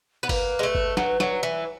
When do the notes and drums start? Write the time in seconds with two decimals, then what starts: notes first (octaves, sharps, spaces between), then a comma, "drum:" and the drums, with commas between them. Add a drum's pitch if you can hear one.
0.23 B3
0.29 A#3 B4, drum: kick G1, open hi-hat
0.59 G#3
0.63 A3
0.75 drum: kick G1
0.97 F#3, drum: snare
1.20 F#3, drum: snare
1.43 E3